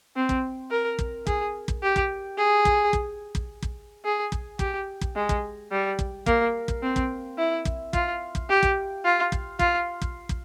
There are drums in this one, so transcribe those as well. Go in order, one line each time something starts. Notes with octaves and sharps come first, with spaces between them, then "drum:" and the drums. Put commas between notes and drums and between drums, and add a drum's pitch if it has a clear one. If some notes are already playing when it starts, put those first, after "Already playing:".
C4
drum: kick
A#4
drum: kick
G#4, drum: kick
drum: kick
G4
drum: kick
G#4
drum: kick
drum: kick
drum: kick
drum: kick
G#4
drum: kick
G4, drum: kick
drum: kick
G#3
drum: kick
G3
drum: kick
A#3, drum: kick
drum: kick
C4
drum: kick
E4
drum: kick
F4, drum: kick
drum: kick
G4
drum: kick
F4
drum: kick
F4, drum: kick
drum: kick
drum: kick